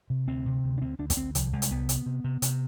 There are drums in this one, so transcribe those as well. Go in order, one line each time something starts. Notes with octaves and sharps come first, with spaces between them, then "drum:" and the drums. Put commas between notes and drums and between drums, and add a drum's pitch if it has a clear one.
C3
D2 C4
C3
D2
D4
D2 C4
D2 D4
B3, drum: kick, hi-hat
D2 C4
C2 F3, drum: hi-hat
C2 G#3
drum: hi-hat
C2 B3
C3, drum: hi-hat
C3
C3
C3, drum: hi-hat